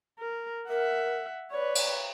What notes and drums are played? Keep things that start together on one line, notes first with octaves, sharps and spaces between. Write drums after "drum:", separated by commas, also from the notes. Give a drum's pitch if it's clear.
A#4
A#4 E5 F#5
B4 C#5 D5
drum: cymbal